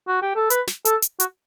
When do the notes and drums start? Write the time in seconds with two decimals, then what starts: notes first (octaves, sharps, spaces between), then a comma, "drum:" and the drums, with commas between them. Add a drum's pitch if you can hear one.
0.08 F#4
0.22 G4
0.36 A4
0.50 B4, drum: hi-hat
0.67 drum: snare
0.85 A4, drum: hi-hat
1.02 drum: hi-hat
1.20 F#4, drum: hi-hat